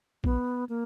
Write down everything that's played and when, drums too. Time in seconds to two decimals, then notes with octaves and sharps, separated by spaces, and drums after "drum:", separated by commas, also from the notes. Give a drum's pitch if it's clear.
0.24 B3, drum: kick
0.69 A#3